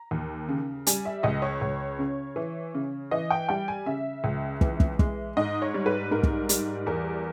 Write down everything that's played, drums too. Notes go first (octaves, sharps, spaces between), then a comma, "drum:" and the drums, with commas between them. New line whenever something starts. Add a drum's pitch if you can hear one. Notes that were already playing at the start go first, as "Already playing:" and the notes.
Already playing: A#5
D#2
C#3
G3 G#5, drum: hi-hat
E5
C#2 D#5
C#5
C#2
C#3
E3
C#3
E3 D#5
G5
G3 G5
G#5
C#3 E5
C#2
E3, drum: kick
drum: kick
G#3, drum: kick
G#2 D#5
C#5
G3
B4
G#2 A#4
drum: kick
G3, drum: hi-hat
E2 A#4